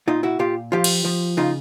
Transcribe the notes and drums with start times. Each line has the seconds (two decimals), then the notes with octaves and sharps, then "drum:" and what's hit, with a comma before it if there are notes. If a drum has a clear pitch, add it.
0.08 A#2 D#4 F4
0.23 E4 F#4
0.39 A#2 F4 G4
0.72 F3 F4 G4
0.84 drum: cymbal
1.05 F3
1.37 C#3 D#4 F4